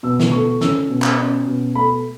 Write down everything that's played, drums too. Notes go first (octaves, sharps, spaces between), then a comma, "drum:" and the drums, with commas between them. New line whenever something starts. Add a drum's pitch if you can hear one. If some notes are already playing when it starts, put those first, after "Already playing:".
B2 E6
drum: snare
A3 C#6
C#4 E6, drum: snare
B2
drum: clap
C#4
B2
A3 B5